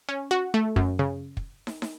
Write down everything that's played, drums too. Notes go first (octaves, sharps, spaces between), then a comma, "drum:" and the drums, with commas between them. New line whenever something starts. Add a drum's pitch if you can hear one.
C#4
F#4
A3
F#2, drum: kick
C#3
drum: kick
drum: snare
drum: snare